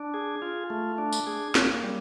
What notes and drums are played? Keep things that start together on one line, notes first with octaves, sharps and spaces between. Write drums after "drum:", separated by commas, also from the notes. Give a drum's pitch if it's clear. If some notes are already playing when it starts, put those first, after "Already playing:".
Already playing: D4
G#4
F4
A3
D4
drum: tambourine
G#4
A#3, drum: snare
G3